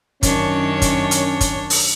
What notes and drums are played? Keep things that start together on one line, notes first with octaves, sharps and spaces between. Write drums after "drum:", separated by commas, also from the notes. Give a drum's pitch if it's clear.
F#2 D#3 C#4 D4 C#5, drum: kick, hi-hat
drum: kick, hi-hat
drum: hi-hat
drum: kick, hi-hat
drum: open hi-hat